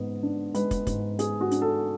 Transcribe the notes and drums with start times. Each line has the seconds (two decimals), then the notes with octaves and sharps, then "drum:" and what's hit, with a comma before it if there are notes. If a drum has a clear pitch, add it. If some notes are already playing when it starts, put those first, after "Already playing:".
Already playing: G#2 B3
0.23 D4
0.55 G#3 B4, drum: hi-hat
0.71 drum: kick, hi-hat
0.87 G#2, drum: kick, hi-hat
1.19 B3 G#4, drum: hi-hat
1.41 F#4
1.51 D4, drum: hi-hat
1.62 A4